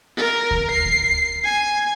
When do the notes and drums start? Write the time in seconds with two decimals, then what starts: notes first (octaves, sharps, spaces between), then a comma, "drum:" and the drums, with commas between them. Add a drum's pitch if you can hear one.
0.17 A#4
0.51 drum: kick D2
0.71 C7
0.84 drum: kick D2
1.45 G#5